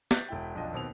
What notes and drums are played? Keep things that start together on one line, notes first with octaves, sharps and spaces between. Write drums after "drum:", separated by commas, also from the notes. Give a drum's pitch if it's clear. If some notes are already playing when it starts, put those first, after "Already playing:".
F#6 G6 A6 B6, drum: snare
E1 E4 G5
B1 F2 D4 F4 D#5
D#2 B2 C4 F7